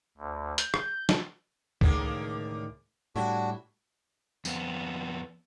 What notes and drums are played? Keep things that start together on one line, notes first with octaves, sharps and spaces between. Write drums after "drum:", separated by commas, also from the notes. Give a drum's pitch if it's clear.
D2
G6, drum: hi-hat
drum: rim click
drum: snare
C#2 A2 D3 D#3 A#3 G#4, drum: kick C#2
A2 G3 D4 E4 F#4
F2 B3, drum: tambourine